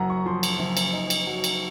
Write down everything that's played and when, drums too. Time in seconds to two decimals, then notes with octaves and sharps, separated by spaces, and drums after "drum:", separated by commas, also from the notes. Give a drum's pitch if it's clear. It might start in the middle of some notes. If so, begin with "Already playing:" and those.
Already playing: F#1 F#2 F#5 A#5
0.10 C#6
0.26 F3 C6
0.43 drum: cymbal
0.60 F#1
0.77 drum: cymbal
0.93 D#4
1.10 drum: cymbal
1.27 F#3
1.44 drum: cymbal